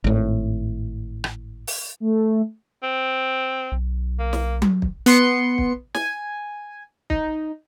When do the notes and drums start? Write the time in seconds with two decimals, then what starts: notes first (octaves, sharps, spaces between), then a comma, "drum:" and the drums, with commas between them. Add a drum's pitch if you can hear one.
0.04 G#1 A2
1.24 drum: rim click
1.67 drum: open hi-hat
2.00 A3
2.83 C4
3.72 B1
4.20 A#3
4.33 drum: snare
4.62 drum: tom F#3
4.82 drum: kick
5.06 B3 C6 C#7, drum: hi-hat
5.58 drum: kick
5.95 G#5, drum: snare
7.10 D#4, drum: kick